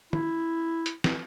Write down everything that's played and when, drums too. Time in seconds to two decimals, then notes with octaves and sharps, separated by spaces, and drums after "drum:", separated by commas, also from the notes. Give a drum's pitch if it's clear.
0.13 E4, drum: tom
0.86 drum: hi-hat
1.04 drum: snare